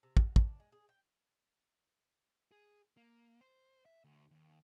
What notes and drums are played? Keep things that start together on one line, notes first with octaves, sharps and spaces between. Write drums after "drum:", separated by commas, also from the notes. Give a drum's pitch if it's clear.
C3
F#3, drum: kick
D4, drum: kick
G#3
G#4
G5
G#4
A#3
C5
E5
D2
D#2